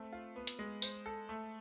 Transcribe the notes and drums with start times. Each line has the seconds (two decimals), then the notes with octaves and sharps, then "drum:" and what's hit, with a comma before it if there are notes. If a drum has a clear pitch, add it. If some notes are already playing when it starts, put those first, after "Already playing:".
Already playing: A3 C4
0.12 F4
0.36 B3
0.47 drum: hi-hat
0.59 G#3
0.82 C5, drum: tambourine
1.06 A4
1.29 A3